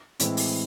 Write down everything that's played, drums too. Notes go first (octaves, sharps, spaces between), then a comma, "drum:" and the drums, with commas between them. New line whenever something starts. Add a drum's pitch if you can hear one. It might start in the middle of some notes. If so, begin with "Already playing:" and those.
A2 E3 G#3 C4 E4, drum: hi-hat
drum: open hi-hat